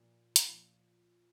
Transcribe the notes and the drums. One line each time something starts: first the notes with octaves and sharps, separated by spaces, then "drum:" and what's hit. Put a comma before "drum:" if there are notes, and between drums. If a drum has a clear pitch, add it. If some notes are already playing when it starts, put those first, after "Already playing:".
Already playing: A#2 F3
drum: hi-hat
A#2 F3